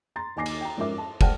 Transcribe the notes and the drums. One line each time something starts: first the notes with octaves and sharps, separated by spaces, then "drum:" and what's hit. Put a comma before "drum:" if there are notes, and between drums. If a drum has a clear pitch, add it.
A#5 C6 A6
D#2 D#4 G#5 D6 A#6 C7
drum: cymbal
G5 A#5
F2 G#2 C#4 A#4 E5 D6
A5
C5 D5 F#5 G5 A5 F6, drum: kick, cymbal